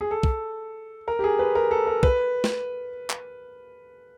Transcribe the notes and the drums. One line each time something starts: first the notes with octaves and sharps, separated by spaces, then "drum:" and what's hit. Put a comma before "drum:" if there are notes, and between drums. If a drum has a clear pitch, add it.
G#4
A4
drum: kick
A#4
G4
G#4
B4
A#4
A4
A#4
B4, drum: kick
drum: snare
drum: clap